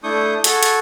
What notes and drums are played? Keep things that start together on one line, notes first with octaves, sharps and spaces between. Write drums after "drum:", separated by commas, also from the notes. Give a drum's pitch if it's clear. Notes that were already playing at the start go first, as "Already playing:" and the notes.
A3 D4 E4 C#6 D#6 G6
F#4 G#4 A4 C#6, drum: hi-hat
drum: hi-hat